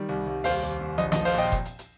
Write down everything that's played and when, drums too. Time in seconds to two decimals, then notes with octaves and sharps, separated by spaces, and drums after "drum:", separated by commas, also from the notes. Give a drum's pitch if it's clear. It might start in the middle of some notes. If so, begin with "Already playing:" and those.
Already playing: D#3 G3
0.09 C2
0.27 C2
0.44 D#2 C5 F5, drum: open hi-hat
0.63 D#2
0.80 D#2
0.98 A#1 D#5, drum: hi-hat
1.12 D#5, drum: snare
1.16 F3
1.25 C5 F5, drum: open hi-hat
1.34 A#2 D#5 G5
1.52 drum: kick F1, hi-hat
1.65 drum: hi-hat
1.79 drum: hi-hat